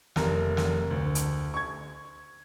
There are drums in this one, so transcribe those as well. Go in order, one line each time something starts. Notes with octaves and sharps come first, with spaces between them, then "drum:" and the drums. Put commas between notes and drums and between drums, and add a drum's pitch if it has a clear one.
F1 A#4, drum: snare
drum: snare
D2
drum: hi-hat
C#6 G#6